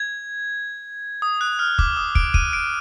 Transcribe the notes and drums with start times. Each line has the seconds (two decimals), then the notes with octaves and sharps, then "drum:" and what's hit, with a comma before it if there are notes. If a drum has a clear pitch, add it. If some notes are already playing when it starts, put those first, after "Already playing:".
Already playing: G#6
1.22 D#6
1.41 F#6
1.59 F6
1.79 D6, drum: kick
1.97 D#6
2.15 D7, drum: kick
2.34 D#7, drum: kick
2.53 D7